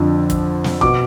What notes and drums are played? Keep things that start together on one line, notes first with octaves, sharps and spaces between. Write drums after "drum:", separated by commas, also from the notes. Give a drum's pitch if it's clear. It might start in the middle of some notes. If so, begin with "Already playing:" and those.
Already playing: F2 D3 F3
drum: kick, hi-hat
drum: snare
B2 D6, drum: kick